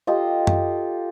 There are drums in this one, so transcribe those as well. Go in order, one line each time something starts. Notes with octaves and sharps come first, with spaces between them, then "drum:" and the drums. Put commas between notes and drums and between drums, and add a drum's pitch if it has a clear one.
F4 G4 A4 D#5
drum: tom F#2